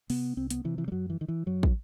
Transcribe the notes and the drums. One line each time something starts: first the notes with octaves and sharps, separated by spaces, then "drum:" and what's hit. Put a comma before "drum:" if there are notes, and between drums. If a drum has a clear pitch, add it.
C3 B3, drum: open hi-hat
C2 C4
B3, drum: hi-hat
C3 E3
E3
G3
F#2 F#3
E3
D#3
E3
F#2 F#3
drum: kick